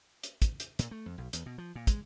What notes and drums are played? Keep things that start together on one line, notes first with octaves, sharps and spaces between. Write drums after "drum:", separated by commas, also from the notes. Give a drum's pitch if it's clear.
drum: hi-hat
drum: kick, hi-hat
drum: hi-hat
A#2, drum: hi-hat
A3
F2
B1
E2, drum: hi-hat
B2
F3
A#2
G#3, drum: kick, hi-hat